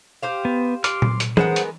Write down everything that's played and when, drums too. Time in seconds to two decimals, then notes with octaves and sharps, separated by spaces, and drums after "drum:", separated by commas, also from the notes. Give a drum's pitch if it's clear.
0.23 G4 C5 F5
0.45 B3
0.84 C6 D6 F6, drum: hi-hat
1.02 drum: tom A#2
1.20 drum: hi-hat
1.37 G#3 B3 G#4 A#4 C5 F#5, drum: tom E3
1.56 drum: hi-hat